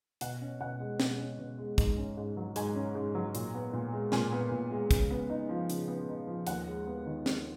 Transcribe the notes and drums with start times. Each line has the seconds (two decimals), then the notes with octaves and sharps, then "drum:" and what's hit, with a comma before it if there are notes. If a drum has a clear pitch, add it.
0.21 B2 F#5, drum: hi-hat
0.41 C#4
0.61 B2 F#5
0.80 G#3
1.00 B2, drum: snare
1.19 C#4
1.39 B2
1.58 G#3
1.78 G#2, drum: kick, hi-hat
1.97 C#4
2.17 G#2
2.37 F#3
2.56 G#2 G#5, drum: hi-hat
2.75 C#4
2.95 G#2
3.15 F#3
3.35 A#2, drum: hi-hat
3.54 B3
3.73 A#2
3.92 G#3
4.12 A#2 G#5, drum: snare
4.32 B3
4.51 A#2
4.71 G#3
4.91 C#3, drum: kick, hi-hat
5.10 B3
5.30 D#4
5.49 F3
5.70 C#3, drum: hi-hat
5.88 B3
6.09 D#4
6.27 F3
6.47 D#2 F#5, drum: hi-hat
6.67 G#3
6.87 B3
7.06 D#3
7.26 D#2, drum: snare